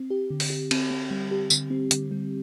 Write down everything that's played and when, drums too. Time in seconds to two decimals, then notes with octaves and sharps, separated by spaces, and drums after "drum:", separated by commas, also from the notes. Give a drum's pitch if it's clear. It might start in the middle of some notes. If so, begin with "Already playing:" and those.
Already playing: C4
0.10 G4
0.30 D3
0.40 drum: open hi-hat
0.50 G4
0.71 C4, drum: cymbal
0.91 C4
1.11 G3
1.31 G4
1.50 D3, drum: tambourine
1.70 C4
1.91 D3, drum: hi-hat
2.11 G3